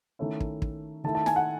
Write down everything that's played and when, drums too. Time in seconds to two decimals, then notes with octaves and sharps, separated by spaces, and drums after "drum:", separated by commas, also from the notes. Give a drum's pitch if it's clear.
0.19 D#3 A3 C#4 E4
0.40 drum: kick
0.62 drum: kick
1.04 D#3 A3 E4 A5
1.15 A5
1.26 G#5, drum: snare
1.36 F#5